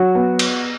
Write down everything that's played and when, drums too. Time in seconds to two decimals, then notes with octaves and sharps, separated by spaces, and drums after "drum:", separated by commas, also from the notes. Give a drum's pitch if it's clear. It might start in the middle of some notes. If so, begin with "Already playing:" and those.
Already playing: F#3 F#4
0.15 B3
0.39 drum: cymbal